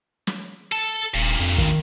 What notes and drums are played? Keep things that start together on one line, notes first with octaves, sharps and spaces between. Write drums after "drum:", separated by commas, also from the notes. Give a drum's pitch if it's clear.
drum: snare
A4 A5
D#1 G2 A#2
F2
D#3, drum: kick